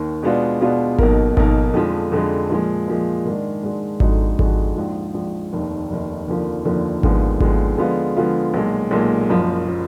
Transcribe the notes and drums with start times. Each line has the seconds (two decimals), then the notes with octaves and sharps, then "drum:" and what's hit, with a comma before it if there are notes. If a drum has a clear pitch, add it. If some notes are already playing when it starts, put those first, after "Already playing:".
Already playing: D#2 D#3
0.23 B2 G#3 B3 D4 F4
0.61 B2 G#3 B3 D4 F4
0.99 B1 B2 A#3 D#4 A#4, drum: kick G#1
1.37 B1 B2 A#3 D#4 A#4, drum: kick G#1
1.74 F2 D3 F3 G#3
2.12 F2 D3 F3 G#3
2.50 A#2 F3 G#3
2.88 A#2 F3 G#3
3.25 G#2 D#3 G#3 D4
3.64 G#2 D#3 G#3 D4
4.00 F2 D3 G#3 D#4 F#4, drum: kick G#1
4.39 F2 D3 G#3 D#4 F#4, drum: kick G#1
4.77 A#1 G#2 F3
5.15 A#1 G#2 F3
5.52 F1 D#2 D#3
5.90 F1 D#2 D#3
6.27 F1 D#2 D3 F3 A#3
6.65 F1 D#2 D3 F3 A#3
7.03 D#2 D3 F3 G#3 B3, drum: kick G#1
7.40 D#2 D3 F3 G#3 B3, drum: kick G#1
7.78 D3 F3 G#3 B3 F4
8.17 D3 F3 G#3 B3 F4
8.54 B1 A#2 G#3
8.91 B1 A#2 G#3
9.29 F#1 F#2 F3
9.67 F3